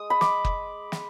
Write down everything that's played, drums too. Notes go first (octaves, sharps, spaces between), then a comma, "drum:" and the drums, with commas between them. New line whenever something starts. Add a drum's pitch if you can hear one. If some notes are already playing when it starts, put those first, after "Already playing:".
Already playing: G#3 D#6
B5
D6, drum: snare
drum: kick
drum: snare